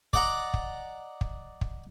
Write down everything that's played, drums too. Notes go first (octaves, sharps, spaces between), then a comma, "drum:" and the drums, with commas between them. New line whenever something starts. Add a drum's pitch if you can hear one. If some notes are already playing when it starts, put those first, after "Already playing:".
D5 D#5 F#5 A#5, drum: kick
drum: kick
drum: kick
drum: kick